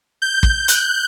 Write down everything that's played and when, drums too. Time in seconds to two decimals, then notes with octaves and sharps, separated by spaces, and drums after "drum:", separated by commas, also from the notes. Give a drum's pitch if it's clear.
0.22 G6
0.43 drum: kick
0.68 F#6, drum: hi-hat